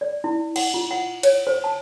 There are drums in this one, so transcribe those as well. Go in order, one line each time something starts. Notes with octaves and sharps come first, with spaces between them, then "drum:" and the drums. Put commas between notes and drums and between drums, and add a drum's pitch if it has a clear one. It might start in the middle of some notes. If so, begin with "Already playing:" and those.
D5
E4
F#5, drum: cymbal
F4
F#5
C#5, drum: cymbal
C5
A5